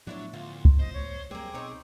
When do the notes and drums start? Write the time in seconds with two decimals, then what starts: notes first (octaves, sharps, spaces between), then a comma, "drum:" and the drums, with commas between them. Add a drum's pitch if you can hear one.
0.07 A2 F3 F#3 B3 D4 E4 C#5
0.33 D2 F4
0.65 drum: kick
0.79 C5 D#5
0.93 C#5
1.31 F#3 G3 A#3 C4 G#4 D6
1.54 B2 C4 D#4 C#5